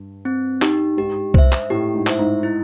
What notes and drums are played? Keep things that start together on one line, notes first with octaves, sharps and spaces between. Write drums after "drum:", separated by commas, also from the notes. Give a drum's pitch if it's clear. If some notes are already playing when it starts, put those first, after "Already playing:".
Already playing: G2
C4
D#4 G4, drum: clap
G#2 G4
C5 E5, drum: kick C2
drum: clap
A2 G4
G#2
C5 E5, drum: clap
G#2
E4